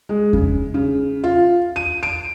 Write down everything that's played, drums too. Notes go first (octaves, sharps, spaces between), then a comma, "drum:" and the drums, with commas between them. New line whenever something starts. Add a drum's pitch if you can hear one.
G#3
C#3, drum: kick E2
C#3
F4
D#7
D7